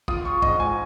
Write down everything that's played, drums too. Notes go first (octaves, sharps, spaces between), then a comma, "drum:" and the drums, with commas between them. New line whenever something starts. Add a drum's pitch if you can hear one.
F4 D#6, drum: kick
C#6
G#2 D#5, drum: kick
G#5